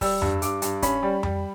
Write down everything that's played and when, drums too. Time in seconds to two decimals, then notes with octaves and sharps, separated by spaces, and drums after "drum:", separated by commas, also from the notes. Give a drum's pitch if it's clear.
0.01 G3 E6, drum: kick, open hi-hat
0.22 G2, drum: tom F2
0.42 G2 D6, drum: hi-hat
0.62 G2, drum: hi-hat
0.82 C#4 B5, drum: kick, hi-hat
1.03 G3
1.23 G3, drum: tom F2